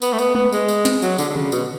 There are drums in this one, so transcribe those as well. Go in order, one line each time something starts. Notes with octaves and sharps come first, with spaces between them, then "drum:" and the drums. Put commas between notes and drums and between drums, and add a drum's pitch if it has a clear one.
B3, drum: tambourine
A3
B3, drum: tambourine
B3, drum: tom G#3
G#3, drum: tambourine
drum: tambourine
drum: snare
F#3, drum: tambourine
D3, drum: tambourine
D3
C#3, drum: tom D3
B2, drum: tambourine